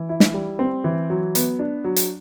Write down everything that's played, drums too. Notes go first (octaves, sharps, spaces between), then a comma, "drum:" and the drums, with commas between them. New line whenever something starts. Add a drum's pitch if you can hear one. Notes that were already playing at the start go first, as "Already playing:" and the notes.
Already playing: E3
E4
drum: snare
G3
C4
E3
F#3
B3, drum: hi-hat
D4
F#3
drum: hi-hat